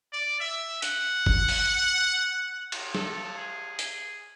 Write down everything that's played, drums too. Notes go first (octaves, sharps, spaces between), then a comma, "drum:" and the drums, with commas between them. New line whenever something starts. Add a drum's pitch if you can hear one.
D5
E5
F#5, drum: hi-hat
drum: kick G1
drum: open hi-hat
drum: cymbal
A4, drum: snare
G#4
G#4, drum: hi-hat